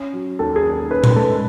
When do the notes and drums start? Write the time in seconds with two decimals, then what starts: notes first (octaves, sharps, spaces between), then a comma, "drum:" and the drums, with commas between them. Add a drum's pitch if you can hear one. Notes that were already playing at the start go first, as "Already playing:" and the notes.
Already playing: C#4
0.13 F#3
0.39 D#2 A4
0.56 G#4
0.65 D#3
0.91 C#4 B4
1.04 drum: tom A#2
1.16 G#3 A4